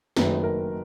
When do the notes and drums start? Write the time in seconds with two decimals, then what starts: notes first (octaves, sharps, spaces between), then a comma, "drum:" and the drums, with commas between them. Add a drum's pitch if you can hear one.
0.16 F#1 F#2 D#3 F#3 A3 B4, drum: snare
0.44 A#4